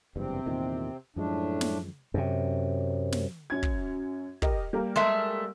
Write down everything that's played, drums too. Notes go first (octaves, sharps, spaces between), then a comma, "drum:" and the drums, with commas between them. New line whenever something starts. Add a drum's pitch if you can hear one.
F#1 E2 G2 C3 C4
E2 A#2 D#3
F#2 A2 F3 G#3 A3 D4
drum: snare
F#2 C3
drum: snare
F#2 C#4 G#6
drum: kick
G4 A#4 D#5, drum: kick
G3 A#3 A#4
G#3 A3 E5